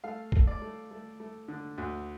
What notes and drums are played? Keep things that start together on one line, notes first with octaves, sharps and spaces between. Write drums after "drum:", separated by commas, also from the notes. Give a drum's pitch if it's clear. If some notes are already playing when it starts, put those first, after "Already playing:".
A3 F5
A3, drum: kick
D5
A3
A3
A3
D3
D2